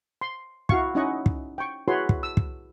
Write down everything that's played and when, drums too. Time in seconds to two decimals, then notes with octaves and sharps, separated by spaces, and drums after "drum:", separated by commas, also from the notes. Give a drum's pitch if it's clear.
0.21 C6
0.69 E4 F#4 F5 C#6, drum: kick
0.95 C#4 D#4 E4 D#5 F#5 C#6
1.26 drum: kick
1.58 G5 C#6
1.88 E4 F#4 G#4 B4 C#5 C6
2.09 drum: kick
2.23 E6
2.37 drum: kick